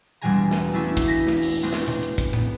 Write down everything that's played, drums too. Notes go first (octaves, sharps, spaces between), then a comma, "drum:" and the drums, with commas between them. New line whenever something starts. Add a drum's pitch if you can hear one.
E1 B2 G3 G#3 G#5 A#5
drum: snare
A3 B3 C#4 D4 E4 A4
drum: kick, hi-hat
A#6 B6
drum: snare
drum: open hi-hat
G#3 A3 B3 C4 D4
drum: snare
drum: tom B2
drum: hi-hat
drum: kick, hi-hat
B3, drum: tom A2